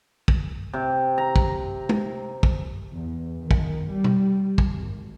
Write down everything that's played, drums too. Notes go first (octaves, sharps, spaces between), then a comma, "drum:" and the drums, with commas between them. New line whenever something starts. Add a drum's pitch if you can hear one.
drum: kick
C3
A#5
drum: kick
drum: tom
drum: kick
E2
D#3
drum: kick
G3
drum: tom B2
drum: kick
G#1